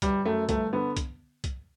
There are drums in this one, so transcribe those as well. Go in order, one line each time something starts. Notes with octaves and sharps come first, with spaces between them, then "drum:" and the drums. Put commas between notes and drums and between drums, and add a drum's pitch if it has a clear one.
G1 G3, drum: kick, hi-hat
F#2 A3
G1 A3, drum: kick, hi-hat
D3 B3
drum: kick, hi-hat
drum: kick, hi-hat